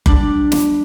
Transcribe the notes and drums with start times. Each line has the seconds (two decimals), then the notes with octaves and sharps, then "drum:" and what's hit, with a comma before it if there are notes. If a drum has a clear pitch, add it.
0.06 G3 D4, drum: kick F#1
0.52 drum: snare